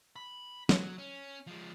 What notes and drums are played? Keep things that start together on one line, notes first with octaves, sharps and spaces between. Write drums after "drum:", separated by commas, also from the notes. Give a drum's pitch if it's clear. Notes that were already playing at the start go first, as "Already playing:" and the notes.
B5
F#3, drum: snare
C#4
F3 G#3